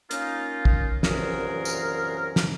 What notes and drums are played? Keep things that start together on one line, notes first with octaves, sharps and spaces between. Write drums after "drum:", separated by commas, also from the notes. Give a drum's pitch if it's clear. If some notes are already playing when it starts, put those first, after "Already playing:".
A#3 C#4 D#4 F4, drum: hi-hat
drum: kick
C2 F#2 A#2 E3 G#4 A#4, drum: snare
drum: tambourine
drum: snare